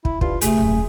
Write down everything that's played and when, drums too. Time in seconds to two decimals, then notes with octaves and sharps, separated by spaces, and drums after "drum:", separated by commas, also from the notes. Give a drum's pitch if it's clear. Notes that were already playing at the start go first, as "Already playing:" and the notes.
0.05 E4, drum: kick
0.21 G2 F4, drum: kick
0.41 C3 A3 G#4, drum: hi-hat
0.57 D#1 F#2